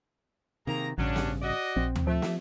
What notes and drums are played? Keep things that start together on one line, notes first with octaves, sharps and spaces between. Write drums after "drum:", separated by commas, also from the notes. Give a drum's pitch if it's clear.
C3 D#3 A#3 G#4 A#5
A1 G2 C#3 F#3 C#4 D4
drum: snare
F#4 D5 D#5
A#1 C4
drum: tom D2
F3 A3 E5
drum: snare